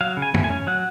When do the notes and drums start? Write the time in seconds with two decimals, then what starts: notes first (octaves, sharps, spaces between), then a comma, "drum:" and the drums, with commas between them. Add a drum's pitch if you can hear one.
0.01 F#3 F5
0.17 C#3
0.22 G#5
0.34 A3, drum: tom
0.44 G#5
0.50 C#4
0.67 F#3 F#5